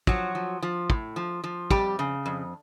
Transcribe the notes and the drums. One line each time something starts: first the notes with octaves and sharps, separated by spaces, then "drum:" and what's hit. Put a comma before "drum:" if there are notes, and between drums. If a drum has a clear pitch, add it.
F3 F#3 F#4, drum: kick
F3
F3
A2, drum: kick
F3
F3
F2 G3 G4, drum: kick
C#3
F2